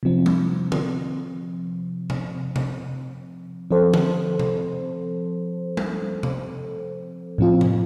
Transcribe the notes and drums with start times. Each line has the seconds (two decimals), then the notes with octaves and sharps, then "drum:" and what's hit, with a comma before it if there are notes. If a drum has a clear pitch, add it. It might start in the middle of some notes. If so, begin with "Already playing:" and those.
0.03 C3 F3 C4
0.26 drum: tom G3
0.72 drum: tom D3
2.10 drum: tom C3
2.56 drum: tom C3
3.71 F3 C4 A4 C5
3.94 drum: tom D3
4.39 drum: tom C3
5.77 drum: tom G3
6.23 drum: tom C3
7.38 A2 F3 C4 F4
7.61 drum: tom C3